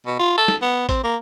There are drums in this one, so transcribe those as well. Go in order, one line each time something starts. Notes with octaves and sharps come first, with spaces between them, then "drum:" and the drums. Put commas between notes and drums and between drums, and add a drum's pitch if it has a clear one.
B2
F4
A4
drum: snare
B3
C4, drum: kick A1, hi-hat
A#3